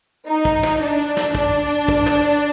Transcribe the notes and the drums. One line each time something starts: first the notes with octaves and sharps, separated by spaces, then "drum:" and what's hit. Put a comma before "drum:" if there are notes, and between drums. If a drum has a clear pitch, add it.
D#4
drum: kick
drum: snare
D4
drum: snare
D4, drum: kick
drum: kick
drum: snare